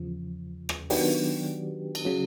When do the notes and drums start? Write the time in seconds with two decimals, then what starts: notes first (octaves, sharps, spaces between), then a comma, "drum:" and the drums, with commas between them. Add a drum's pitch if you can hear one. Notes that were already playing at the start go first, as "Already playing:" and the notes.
Already playing: E2 C#3 F3
0.69 drum: rim click
0.90 D#3 F#3 B3 D4 G4, drum: open hi-hat
1.95 drum: cymbal
2.05 C#3 F#3